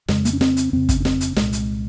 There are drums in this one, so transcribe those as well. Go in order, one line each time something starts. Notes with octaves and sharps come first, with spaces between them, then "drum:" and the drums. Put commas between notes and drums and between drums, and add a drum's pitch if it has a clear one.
F2 C#3 G#3, drum: snare
A#3, drum: hi-hat
C#4
C4, drum: snare
drum: hi-hat
F2 C#3 C4
drum: kick, hi-hat
C#4
C4, drum: snare
drum: hi-hat
C2 A#2 G#3, drum: snare
drum: hi-hat